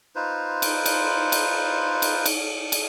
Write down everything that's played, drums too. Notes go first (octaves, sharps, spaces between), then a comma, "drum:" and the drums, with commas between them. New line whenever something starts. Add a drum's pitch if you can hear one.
D#4 F4 B4 C5
drum: cymbal
drum: cymbal
drum: cymbal
drum: cymbal
drum: cymbal
drum: cymbal